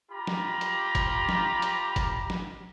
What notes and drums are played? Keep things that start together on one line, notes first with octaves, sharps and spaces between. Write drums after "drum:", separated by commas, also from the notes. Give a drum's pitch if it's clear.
F4 G4 A#5 B5
drum: snare
drum: hi-hat
drum: kick, hi-hat
drum: snare
drum: hi-hat
drum: kick, hi-hat
drum: snare